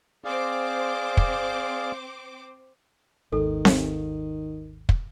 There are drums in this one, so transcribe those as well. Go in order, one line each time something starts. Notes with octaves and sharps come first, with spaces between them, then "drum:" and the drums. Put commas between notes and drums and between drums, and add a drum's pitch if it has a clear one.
C4 G#4 C5 D5 F5 D6
drum: kick
G#1 D#2 D#3 A4
drum: snare C4
drum: kick